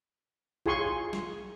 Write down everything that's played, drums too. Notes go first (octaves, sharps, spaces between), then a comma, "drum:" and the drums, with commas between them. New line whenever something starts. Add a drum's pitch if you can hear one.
F4 G#4 G#5 C6 C#6, drum: kick A#1
drum: snare